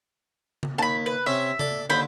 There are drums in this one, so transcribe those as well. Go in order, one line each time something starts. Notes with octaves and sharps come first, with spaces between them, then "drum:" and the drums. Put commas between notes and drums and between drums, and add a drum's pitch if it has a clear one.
drum: tom C#3
D#2 A5 B5
B4
C3 C#4 E5
A4 D5, drum: tom C#3
D#2 D3 C5 B5